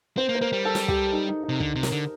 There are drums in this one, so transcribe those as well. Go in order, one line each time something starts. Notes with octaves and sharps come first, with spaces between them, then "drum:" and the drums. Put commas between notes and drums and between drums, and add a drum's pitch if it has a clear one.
C4 C5
A#3
C5
A#3 A#4
G3
A4
drum: snare
G4, drum: kick
D#4
D#4
D#4
C3
D3, drum: kick
C3
A#4, drum: snare
D3